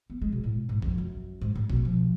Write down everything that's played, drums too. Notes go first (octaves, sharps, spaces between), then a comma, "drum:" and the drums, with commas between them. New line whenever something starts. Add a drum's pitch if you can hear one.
B3
G#3
B2
A2
G#2
F2, drum: kick
F#2
G#2
A2
B2, drum: kick
F3